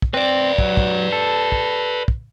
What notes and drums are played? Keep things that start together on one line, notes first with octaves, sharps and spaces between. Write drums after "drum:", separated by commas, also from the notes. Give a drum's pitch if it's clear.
drum: kick
C4 B4 D5
F#3, drum: kick
drum: kick
A4
drum: kick
drum: kick